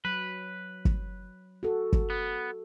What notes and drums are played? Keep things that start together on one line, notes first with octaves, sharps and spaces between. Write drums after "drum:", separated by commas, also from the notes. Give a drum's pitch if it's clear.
F#3 B4
drum: kick
F#4 A4
drum: kick
B3